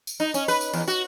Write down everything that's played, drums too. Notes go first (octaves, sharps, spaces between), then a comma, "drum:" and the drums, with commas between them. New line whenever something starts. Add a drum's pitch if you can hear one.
drum: tambourine
D#4, drum: tambourine
C#4, drum: tambourine
B4, drum: tambourine
drum: tambourine
E2, drum: tambourine
F#4, drum: tambourine